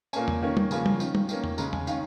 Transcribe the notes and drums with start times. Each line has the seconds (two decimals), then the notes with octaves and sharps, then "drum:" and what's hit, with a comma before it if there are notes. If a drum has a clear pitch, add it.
0.13 A#2 A#3 C#4 G#5, drum: tambourine
0.28 drum: tom E2
0.42 D#3 A#3 C#4
0.57 drum: tom
0.71 C#3 F3 A#3 C#4 G#5, drum: tambourine
0.86 drum: tom
1.00 D#3 C#4, drum: tambourine
1.15 drum: tom
1.29 D#3 A#3 C#4, drum: tambourine
1.44 drum: tom E2
1.58 C#3 G#3 C#4 A#5, drum: tambourine
1.73 G#5, drum: tom E2
1.87 D#3 C#4 F5, drum: tambourine